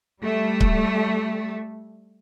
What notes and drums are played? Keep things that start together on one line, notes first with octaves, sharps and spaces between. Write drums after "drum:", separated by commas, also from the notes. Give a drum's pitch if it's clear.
G3 A3
drum: kick C#1